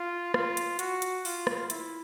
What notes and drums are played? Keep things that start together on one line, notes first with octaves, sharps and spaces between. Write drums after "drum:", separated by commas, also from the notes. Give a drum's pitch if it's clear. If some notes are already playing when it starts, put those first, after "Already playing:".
Already playing: F4
F4, drum: rim click
drum: hi-hat
F#4, drum: hi-hat
drum: hi-hat
F4, drum: open hi-hat
drum: rim click
E4, drum: hi-hat